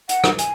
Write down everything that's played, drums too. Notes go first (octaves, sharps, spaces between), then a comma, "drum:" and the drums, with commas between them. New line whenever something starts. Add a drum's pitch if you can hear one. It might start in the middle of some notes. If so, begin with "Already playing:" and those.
F#5, drum: hi-hat
drum: rim click
G#5, drum: hi-hat